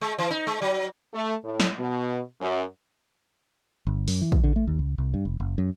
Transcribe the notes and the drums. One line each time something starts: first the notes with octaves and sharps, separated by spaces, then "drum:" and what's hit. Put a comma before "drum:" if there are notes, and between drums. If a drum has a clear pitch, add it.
G#3
E3
D#4
G#3
F#3
A3
A2
drum: snare
B2
F#2
G1
F#2, drum: open hi-hat
E3
drum: kick
D3
A3
D#2
C#2
C2
G2
F1
F#1
F#2